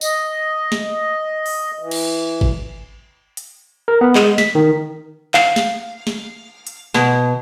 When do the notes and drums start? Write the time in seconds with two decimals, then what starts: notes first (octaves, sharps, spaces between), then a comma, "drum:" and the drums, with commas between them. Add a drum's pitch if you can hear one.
0.01 D#5, drum: tambourine
0.72 drum: snare
1.46 drum: open hi-hat
1.79 E3
1.91 drum: cymbal
2.41 drum: kick G#1
3.37 drum: hi-hat
3.88 A#4
4.01 B3
4.15 G#3, drum: clap
4.38 B6, drum: snare
4.55 D#3
5.34 F5, drum: clap
5.56 drum: snare
6.07 drum: snare
6.67 drum: hi-hat
6.94 B2, drum: snare